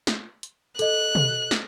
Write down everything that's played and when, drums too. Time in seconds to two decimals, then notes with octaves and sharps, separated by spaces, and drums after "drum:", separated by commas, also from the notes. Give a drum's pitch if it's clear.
0.07 drum: snare
0.43 drum: hi-hat
0.79 A4 D#5 F#6, drum: hi-hat
1.15 drum: tom
1.51 drum: snare